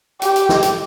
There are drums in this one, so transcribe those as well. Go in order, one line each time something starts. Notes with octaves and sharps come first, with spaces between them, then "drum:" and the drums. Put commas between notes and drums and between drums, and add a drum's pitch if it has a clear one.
G4, drum: hi-hat
drum: hi-hat
drum: snare
drum: hi-hat